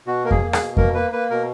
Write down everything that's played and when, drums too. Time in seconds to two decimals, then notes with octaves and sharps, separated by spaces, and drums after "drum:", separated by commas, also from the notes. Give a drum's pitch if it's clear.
0.06 B2 F#4
0.24 A#3 A#4
0.31 G#4, drum: kick F2
0.42 A#3
0.53 G#4, drum: rim click
0.60 B2
0.77 A#3 A#4, drum: kick F2
0.94 A#3 B4
1.12 A#3 B4
1.31 B2 A#4